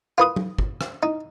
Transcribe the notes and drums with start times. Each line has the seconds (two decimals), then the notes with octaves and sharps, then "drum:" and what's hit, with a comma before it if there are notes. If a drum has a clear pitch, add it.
0.18 F4 B4 D#6
0.36 drum: tom
0.59 drum: kick
0.81 drum: rim click
1.03 D#4